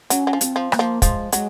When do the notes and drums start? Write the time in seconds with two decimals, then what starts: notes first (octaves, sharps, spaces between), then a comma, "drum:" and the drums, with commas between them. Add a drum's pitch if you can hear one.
0.10 F#3 C#4, drum: hi-hat
0.27 F#3
0.33 F3
0.41 C4, drum: hi-hat
0.56 F3
0.72 A#3, drum: rim click
0.79 F3
1.02 F3 G#3, drum: kick, hi-hat
1.32 F#3 G#3, drum: hi-hat